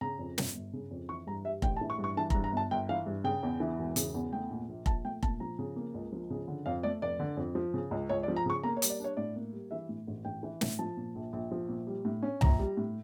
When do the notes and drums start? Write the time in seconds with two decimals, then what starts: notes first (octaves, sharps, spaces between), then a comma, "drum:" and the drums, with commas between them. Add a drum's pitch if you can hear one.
0.01 C#3 A#5
0.19 F2
0.38 G1, drum: snare
0.55 G1
0.73 C#3
0.91 F2
1.09 E3 C#6
1.27 G2 A#5
1.45 G3 E5
1.62 A1 G5, drum: kick F1
1.76 A5
1.81 E3
1.90 C#6
1.98 G2
2.04 C#6
2.17 E3 A5
2.30 A#5, drum: kick F1
2.35 G2
2.44 A#5
2.52 G1 A5
2.71 G1 G5
2.89 E3 F5
3.06 G2
3.24 C#3 G5
3.43 E2
3.60 E3
3.79 E1
3.96 C#3, drum: hi-hat
4.15 E2
4.33 A3 G5
4.51 A#2
4.69 A#1
4.86 A#1 A5, drum: kick F1
5.04 A3 G5
5.23 A#2 A5, drum: kick F1
5.40 F3 A#5
5.59 C#3
5.76 A#3
5.94 C#2
6.12 F3
6.30 C#3
6.48 D3
6.66 F2 F5
6.83 A3 D5
7.02 F1 D5
7.20 D3
7.37 F2
7.55 F3
7.74 C#3
7.91 C#2
8.09 C#2 C#5
8.23 D5
8.28 F3
8.36 A#5
8.46 C#3 C#6
8.63 A#3 A#5
8.77 C#5
8.82 G3, drum: hi-hat
8.90 D5
9.00 D4 C#5
9.17 A2 D5
9.36 A#3
9.53 G3
9.71 E3 E5
9.89 A2
10.07 A1
10.25 A1 G5
10.43 E3
10.61 A2, drum: snare
10.79 F3 A5
10.97 A#2
11.15 A#1
11.33 A#1
11.51 F3
11.69 A#2
11.87 G3
12.05 A2
12.22 C#4
12.41 A#1 A#5, drum: tom
12.59 G3
12.77 A2